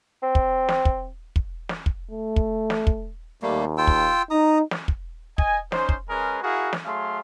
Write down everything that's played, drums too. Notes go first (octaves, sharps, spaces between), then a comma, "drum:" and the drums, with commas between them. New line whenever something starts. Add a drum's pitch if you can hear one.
C4
drum: kick
drum: snare
drum: kick
drum: kick
drum: snare
drum: kick
A3
drum: kick
drum: snare
drum: kick
D#2 G3 A3 A#3
F4 G5 E6
drum: kick
D#4 A#5 D#6
drum: snare
drum: kick
D#5 G#5, drum: kick
C#4 D#4 C5, drum: snare
drum: kick
G#3 C#4 G#4 A#4 B4
E4 F#4 G#4 A#4 F5
drum: snare
F#3 A3 G#4 F5 C6